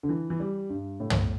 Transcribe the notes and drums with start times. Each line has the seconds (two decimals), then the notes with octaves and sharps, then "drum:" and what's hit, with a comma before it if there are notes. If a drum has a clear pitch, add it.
0.03 D3
0.09 E3
0.30 E3
0.40 G3
0.70 G2
1.00 A2
1.10 drum: tom